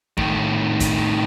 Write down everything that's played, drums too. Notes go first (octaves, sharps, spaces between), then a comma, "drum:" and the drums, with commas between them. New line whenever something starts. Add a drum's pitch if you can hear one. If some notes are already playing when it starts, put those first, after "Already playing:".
A2 D#3, drum: kick
drum: kick, hi-hat